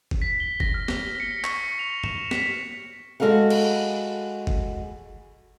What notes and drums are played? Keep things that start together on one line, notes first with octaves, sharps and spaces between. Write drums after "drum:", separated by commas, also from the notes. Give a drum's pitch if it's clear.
drum: kick F#1
B6
G7
A#6, drum: kick F#1
F6
drum: snare
C#7
C#6, drum: clap
F7
E7, drum: tom
B6, drum: snare
G#3 F#4 A4 F5 F#5
drum: cymbal
drum: kick F#1